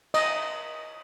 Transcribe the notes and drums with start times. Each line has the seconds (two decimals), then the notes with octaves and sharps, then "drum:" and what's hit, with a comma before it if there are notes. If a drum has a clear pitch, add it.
0.14 D#5, drum: cymbal